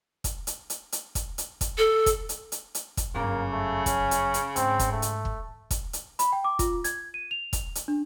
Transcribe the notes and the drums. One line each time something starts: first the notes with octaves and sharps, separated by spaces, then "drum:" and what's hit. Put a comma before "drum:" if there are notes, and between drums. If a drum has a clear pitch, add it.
drum: kick, hi-hat
drum: hi-hat
drum: hi-hat
drum: hi-hat
drum: kick, hi-hat
drum: hi-hat
drum: kick, hi-hat
A4
drum: kick, hi-hat
drum: hi-hat
drum: hi-hat
drum: hi-hat
drum: kick, hi-hat
G1 F#2 C#3 A#3
A3
C#4, drum: kick, hi-hat
drum: hi-hat
drum: hi-hat
G#2 C4, drum: hi-hat
drum: kick, hi-hat
A3
drum: hi-hat
drum: kick
drum: kick, hi-hat
drum: hi-hat
B5, drum: hi-hat
G5
D6
F4, drum: kick, hi-hat
G#6, drum: hi-hat
D#7
F7
drum: kick, hi-hat
drum: hi-hat
D4